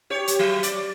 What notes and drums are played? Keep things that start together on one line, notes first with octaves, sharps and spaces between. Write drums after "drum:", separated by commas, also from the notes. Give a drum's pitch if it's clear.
G4 C#5
drum: hi-hat
F#3
D5, drum: hi-hat